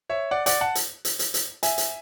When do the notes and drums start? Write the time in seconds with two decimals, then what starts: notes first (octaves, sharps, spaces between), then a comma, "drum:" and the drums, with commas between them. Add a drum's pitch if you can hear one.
0.09 C#5 E5
0.31 D5 F#5
0.46 D5 F#5, drum: hi-hat
0.61 F#5 A5
0.75 drum: hi-hat
1.05 drum: hi-hat
1.19 drum: hi-hat
1.34 drum: hi-hat
1.63 E5 G#5, drum: hi-hat
1.78 drum: hi-hat